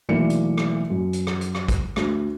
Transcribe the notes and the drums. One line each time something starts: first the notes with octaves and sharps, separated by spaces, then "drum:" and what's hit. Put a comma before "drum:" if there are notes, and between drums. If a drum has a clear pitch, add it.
B1 E3 A3 A#3 D5 C#7
drum: hi-hat
drum: rim click
F#2
drum: hi-hat
drum: rim click
drum: hi-hat
drum: rim click
drum: kick, hi-hat
D2, drum: rim click